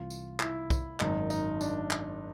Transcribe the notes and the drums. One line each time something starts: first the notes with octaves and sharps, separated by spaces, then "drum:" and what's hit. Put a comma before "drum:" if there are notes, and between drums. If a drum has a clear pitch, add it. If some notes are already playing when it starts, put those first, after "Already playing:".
Already playing: C2 C3 E3 F4
drum: tambourine
E4, drum: clap
drum: kick, tambourine
G#1 F#2 D#3 D#4, drum: clap
D#4, drum: tambourine
D4, drum: tambourine
drum: clap